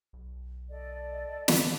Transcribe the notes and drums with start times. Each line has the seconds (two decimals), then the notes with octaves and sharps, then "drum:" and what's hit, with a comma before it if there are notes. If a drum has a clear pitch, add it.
0.13 B1
0.70 A4 D5 D#5
1.48 drum: snare